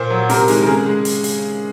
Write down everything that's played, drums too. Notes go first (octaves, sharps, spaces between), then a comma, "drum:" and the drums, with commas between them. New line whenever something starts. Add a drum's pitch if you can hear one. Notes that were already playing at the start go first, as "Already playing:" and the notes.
Already playing: A#2 C5
F#3
C3 A#4, drum: hi-hat
D#3 G#3, drum: hi-hat
A#4
C#3 G#4
G#3
drum: hi-hat
drum: hi-hat